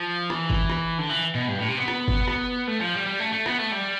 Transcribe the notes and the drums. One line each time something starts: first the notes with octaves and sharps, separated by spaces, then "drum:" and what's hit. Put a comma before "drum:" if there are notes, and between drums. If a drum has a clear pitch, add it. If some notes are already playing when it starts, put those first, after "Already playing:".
Already playing: F3
E3, drum: rim click
drum: kick G1
drum: rim click
D3
E3
B2
G2
A2
C3
B3
drum: rim click
drum: kick G1
drum: rim click
A3
F3
G3
G3
A3
A3
B3, drum: rim click
A3
G3